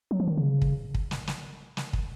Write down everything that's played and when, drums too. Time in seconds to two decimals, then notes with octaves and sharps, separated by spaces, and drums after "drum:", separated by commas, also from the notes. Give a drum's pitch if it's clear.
0.11 F#3
0.20 F3
0.28 D#3
0.37 C#3
0.62 drum: kick
0.95 drum: kick
1.11 drum: snare
1.27 drum: snare
1.77 drum: snare
1.93 drum: kick